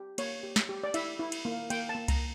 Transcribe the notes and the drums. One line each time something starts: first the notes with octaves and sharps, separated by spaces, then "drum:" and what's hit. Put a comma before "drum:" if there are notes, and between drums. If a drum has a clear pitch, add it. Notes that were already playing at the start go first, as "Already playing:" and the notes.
Already playing: G4
A#3 C#5, drum: cymbal
G4
drum: snare
G4
D5
E4 E5, drum: cymbal
E4
drum: cymbal
A#3
A#3 G5, drum: cymbal
A5
A#3
A#5, drum: kick C2, cymbal